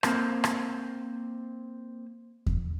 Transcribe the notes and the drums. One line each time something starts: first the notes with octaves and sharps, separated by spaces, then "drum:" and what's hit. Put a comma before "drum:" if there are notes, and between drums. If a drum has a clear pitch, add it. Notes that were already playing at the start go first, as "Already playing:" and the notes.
A#3 C4 A#4 C5, drum: rim click
drum: rim click
drum: kick E2